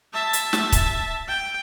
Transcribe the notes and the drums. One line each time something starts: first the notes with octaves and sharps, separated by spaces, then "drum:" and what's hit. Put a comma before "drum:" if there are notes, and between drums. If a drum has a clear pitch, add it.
E5 A5
drum: hi-hat
drum: snare
drum: kick, hi-hat
G5